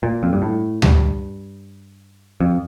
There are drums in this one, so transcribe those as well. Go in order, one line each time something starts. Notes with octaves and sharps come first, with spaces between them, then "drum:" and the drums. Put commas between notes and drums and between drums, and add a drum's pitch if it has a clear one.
A#2
F2
G2
A2
G2, drum: tom D2
F2